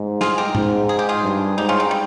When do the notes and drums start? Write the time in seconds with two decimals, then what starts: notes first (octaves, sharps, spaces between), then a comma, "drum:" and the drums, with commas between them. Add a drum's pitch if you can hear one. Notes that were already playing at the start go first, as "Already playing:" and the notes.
Already playing: G#2
0.21 F4 G#4, drum: snare
0.38 G4 A#4
0.55 G#2, drum: tom G#2
0.89 G#4
0.99 G4
1.09 F4 G#4
1.23 G2
1.57 G#2 D#4 G4
1.69 C#4 F4
1.80 C4 D#4
1.91 G3